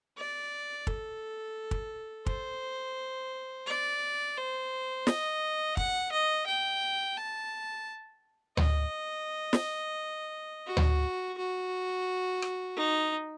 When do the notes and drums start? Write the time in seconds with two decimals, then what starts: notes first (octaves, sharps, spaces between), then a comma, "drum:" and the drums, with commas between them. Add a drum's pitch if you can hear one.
0.17 D5
0.87 A4, drum: kick
1.71 drum: kick
2.26 C5, drum: kick
3.67 D5
4.37 C5
5.07 D#5, drum: snare
5.77 F#5, drum: kick
6.12 D#5
6.47 G5
7.17 A5
8.57 D#5, drum: tom D2
9.53 drum: snare
10.67 F#4
10.77 drum: tom D2
11.37 F#4
12.42 drum: rim click
12.77 D#4